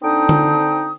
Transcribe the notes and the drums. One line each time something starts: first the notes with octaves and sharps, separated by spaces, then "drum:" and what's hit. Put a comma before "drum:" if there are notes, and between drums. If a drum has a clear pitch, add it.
D3 C4 D4 D#4 G5 D#6
drum: tom D3